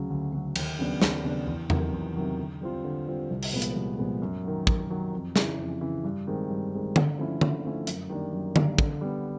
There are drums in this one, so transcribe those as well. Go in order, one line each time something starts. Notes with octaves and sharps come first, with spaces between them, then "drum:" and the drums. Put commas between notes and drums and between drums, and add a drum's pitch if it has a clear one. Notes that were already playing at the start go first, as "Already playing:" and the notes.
Already playing: D2 C#3 F#3
D2
C#3 F#3
D#2, drum: cymbal
C#3 F#3 B3 D4
D#2, drum: snare
C#3 F#3 B3 D4
E2
C3 D#3 F#3, drum: tom E2
E2
C3 D#3 F#3
D3
G3 C4 F4
D3
G3 C4 F4
C2
drum: open hi-hat
A#2 F3 G#3 B3
drum: hi-hat
C2
A#2 F3 G#3 B3
F#2
D#3 F#3
F#2, drum: kick
D#3 F#3
F2
C#3 E3, drum: snare
F2
C#3 E3
G2
D#3 G#3 C4
G2
D#3 G#3 C4
D3, drum: tom D3
F3 A3 C#4 E4
D3, drum: tom D3
F3 A3 C#4 E4
F#2, drum: hi-hat
D#3 G3 A#3 D4
F#2
D#3 G3 A#3 D4, drum: tom D3
D3, drum: kick
G3 B3